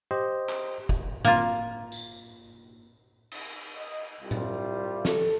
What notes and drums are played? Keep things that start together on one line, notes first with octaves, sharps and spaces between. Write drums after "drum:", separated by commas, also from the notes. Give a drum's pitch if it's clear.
G4 C5 D#5
drum: clap
drum: kick
A#3 F4, drum: tom A2
drum: tambourine
drum: cymbal
D#5
C2 G3 F4
drum: tom A2
A4, drum: snare